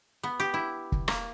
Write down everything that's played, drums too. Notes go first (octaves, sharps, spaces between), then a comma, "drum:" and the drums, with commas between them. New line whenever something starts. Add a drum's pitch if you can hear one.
B3
G4
E4
drum: kick
A#3, drum: rim click